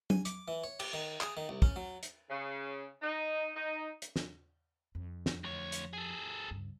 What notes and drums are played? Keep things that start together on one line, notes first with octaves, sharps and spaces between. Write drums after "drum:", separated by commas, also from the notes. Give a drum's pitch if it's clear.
G#5, drum: tom F#3
D6, drum: hi-hat
E3
C#5
G4, drum: cymbal
D#3
G#4, drum: clap
D#3
C2
C#4, drum: kick
F#3
drum: hi-hat
C#3
D#4
D#4
drum: hi-hat
drum: snare
F2
drum: snare
D2 C#5
drum: hi-hat
G#4 A4
C#2 G2